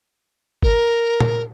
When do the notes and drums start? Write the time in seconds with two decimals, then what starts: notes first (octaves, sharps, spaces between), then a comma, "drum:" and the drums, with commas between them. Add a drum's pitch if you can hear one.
0.63 A#4, drum: kick
1.20 drum: tom